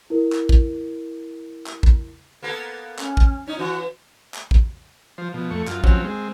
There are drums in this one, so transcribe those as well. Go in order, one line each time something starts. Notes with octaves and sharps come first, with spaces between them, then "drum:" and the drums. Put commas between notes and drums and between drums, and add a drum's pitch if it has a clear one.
E4 A#4
drum: clap
drum: kick
drum: clap
drum: kick
A#3 B3 A4
C#4, drum: clap
drum: kick
C#4 D#4
E3 F#4
drum: clap
drum: kick
F3 C5
B2 F3
F2 A3 C#6
F#2 F4, drum: clap
F3 F#3 C4 C#4, drum: kick
G#3 C4